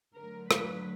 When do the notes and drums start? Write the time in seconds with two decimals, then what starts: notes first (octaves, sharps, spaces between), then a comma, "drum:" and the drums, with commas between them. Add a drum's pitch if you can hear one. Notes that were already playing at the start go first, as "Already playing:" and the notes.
0.17 D3 F#3 A3 A#4
0.51 B4, drum: rim click